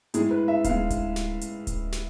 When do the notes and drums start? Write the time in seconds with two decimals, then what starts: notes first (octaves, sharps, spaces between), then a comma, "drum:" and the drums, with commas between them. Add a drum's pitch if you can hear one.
0.14 A2 G#3 G#4, drum: hi-hat
0.31 B4
0.48 E5
0.64 A2 G#3 F5, drum: kick D1, hi-hat
0.90 drum: kick D1, hi-hat
1.16 drum: snare
1.41 drum: hi-hat
1.67 drum: kick D1, hi-hat
1.92 drum: snare